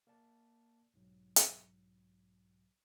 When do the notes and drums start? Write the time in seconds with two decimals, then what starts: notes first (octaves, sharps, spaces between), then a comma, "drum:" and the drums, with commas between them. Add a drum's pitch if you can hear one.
0.07 A#3 A#4 D5 A5
0.94 B1 G#2 F#3
1.36 drum: hi-hat